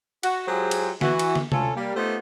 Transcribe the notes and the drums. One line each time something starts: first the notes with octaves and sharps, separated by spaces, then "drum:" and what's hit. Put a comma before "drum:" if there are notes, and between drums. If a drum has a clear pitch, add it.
F#4, drum: cymbal
F#3 G#3 F4 G4 G#4 C5
drum: cymbal
E3 F#4, drum: snare
drum: cymbal
drum: snare
D2 C#4 F4 A4, drum: tom C3
G3 A#3
A3 B3 D#4 F4 G4 C5